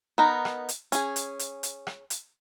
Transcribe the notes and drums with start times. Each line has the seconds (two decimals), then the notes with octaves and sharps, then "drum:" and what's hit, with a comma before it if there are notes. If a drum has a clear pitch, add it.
0.18 B3 D#4 A#4
0.45 drum: rim click
0.69 drum: hi-hat
0.92 C#4 G#4, drum: hi-hat
1.16 drum: hi-hat
1.39 drum: hi-hat
1.63 drum: hi-hat
1.87 drum: rim click
2.10 drum: hi-hat